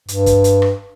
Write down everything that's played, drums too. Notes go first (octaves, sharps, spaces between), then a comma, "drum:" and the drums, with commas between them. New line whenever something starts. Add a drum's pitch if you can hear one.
G2, drum: hi-hat
drum: kick, hi-hat
drum: hi-hat
drum: rim click